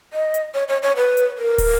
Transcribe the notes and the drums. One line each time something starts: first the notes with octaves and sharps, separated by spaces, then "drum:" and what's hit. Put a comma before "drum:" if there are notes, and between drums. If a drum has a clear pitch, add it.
D#5
drum: hi-hat
C#5
C#5
C#5
B4
drum: hi-hat
A#4
drum: kick, open hi-hat